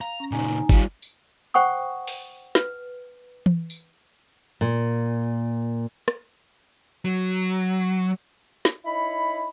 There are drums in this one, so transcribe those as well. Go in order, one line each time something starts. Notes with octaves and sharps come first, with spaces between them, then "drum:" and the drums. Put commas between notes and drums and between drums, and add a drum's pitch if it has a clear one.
F5 A#5
C#4
A#2 C#3 D#4 G#5 A#5
G3 F4, drum: kick G1
drum: tambourine
C5 F#5 G5 C#6 D#6
drum: open hi-hat
B4, drum: snare
drum: tom E3
drum: tambourine
A#2
drum: rim click
F#3
drum: snare
D#4 E4 C#5 B5